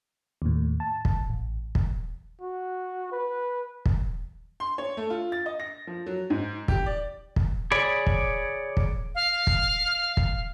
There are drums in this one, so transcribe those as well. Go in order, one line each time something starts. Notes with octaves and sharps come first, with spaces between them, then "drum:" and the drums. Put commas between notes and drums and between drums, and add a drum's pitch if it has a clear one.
D#2 A2
A5
drum: kick
A1
drum: kick
F#4
B4
drum: kick
C6
C#5
A3
F4
A6
D#5
A#6
F3
F#3
G#2
G4, drum: kick
D5
drum: kick
G#4 C#5 D5 B5
drum: kick
drum: kick
F5
drum: kick
drum: kick